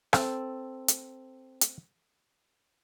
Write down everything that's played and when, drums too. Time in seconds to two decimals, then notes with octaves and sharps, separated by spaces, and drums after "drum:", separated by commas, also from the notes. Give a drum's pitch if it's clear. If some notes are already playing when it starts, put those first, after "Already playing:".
0.13 C4 A4, drum: rim click
0.88 drum: hi-hat
1.61 drum: hi-hat